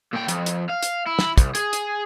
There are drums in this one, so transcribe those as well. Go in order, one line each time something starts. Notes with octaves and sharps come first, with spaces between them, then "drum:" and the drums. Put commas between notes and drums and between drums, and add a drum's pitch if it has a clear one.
A#2 G5
F2, drum: hi-hat
drum: hi-hat
F5
drum: hi-hat
E4
drum: snare
C2, drum: kick, hi-hat
G#4, drum: hi-hat
drum: hi-hat